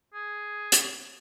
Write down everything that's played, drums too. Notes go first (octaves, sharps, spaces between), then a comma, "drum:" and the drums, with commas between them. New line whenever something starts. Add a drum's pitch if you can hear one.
G#4
drum: hi-hat